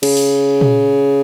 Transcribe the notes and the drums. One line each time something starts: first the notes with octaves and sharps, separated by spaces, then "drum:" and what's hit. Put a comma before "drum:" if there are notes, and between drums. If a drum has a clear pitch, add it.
C#3, drum: cymbal
drum: open hi-hat
drum: tom A#2